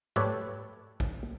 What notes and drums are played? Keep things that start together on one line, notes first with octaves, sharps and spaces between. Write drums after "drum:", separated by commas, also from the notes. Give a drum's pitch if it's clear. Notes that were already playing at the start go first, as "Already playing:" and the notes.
A3 G4 B4 C#5 D5 E5, drum: tom G#2
drum: kick